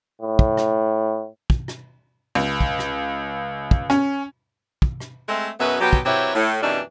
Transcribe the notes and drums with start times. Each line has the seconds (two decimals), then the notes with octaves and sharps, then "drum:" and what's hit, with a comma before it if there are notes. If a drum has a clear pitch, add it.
0.21 A2
0.39 drum: kick
0.57 drum: rim click
1.50 drum: kick
1.68 drum: rim click
2.35 C#2
2.61 drum: kick
2.79 drum: rim click
3.71 drum: kick
3.90 C#4, drum: rim click
4.82 drum: kick
5.00 drum: rim click
5.29 G#3 A3 C4
5.59 F#2 B2 B3 G#4 B4 E5
5.81 B2 F#3 B3 G4
5.93 drum: kick
6.05 F#3 C4 E4 G4 B4 C#5
6.35 A2
6.61 F#2 B2 E3 G3 D4 D#4